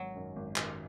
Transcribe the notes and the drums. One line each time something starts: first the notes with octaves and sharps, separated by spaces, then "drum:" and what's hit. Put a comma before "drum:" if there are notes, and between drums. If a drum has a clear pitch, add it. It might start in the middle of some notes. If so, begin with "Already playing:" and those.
Already playing: G#1 F#3
F#2 D#3
G#1
F#2 D#3, drum: clap